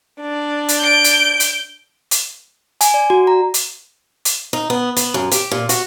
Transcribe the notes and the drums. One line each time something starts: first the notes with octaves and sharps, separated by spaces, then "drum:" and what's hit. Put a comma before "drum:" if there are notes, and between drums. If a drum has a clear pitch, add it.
D4
drum: hi-hat
G6 D7
drum: hi-hat
drum: hi-hat
drum: hi-hat
G#5, drum: hi-hat
D5
F#4
A#5
drum: hi-hat
drum: hi-hat
D#4
B3
B3, drum: hi-hat
F#2
G4, drum: hi-hat
A#2
F#4, drum: hi-hat